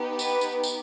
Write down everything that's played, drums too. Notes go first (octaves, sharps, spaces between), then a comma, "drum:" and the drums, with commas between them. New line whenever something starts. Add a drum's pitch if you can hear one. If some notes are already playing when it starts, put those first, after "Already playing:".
Already playing: B3 D#4 G4
B4, drum: tambourine
drum: tambourine
drum: tambourine